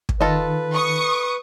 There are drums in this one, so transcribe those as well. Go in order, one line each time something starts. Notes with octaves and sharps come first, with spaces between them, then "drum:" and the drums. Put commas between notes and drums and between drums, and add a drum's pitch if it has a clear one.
drum: kick
D#3 F4 A4 B4 D#5
C#6 D#6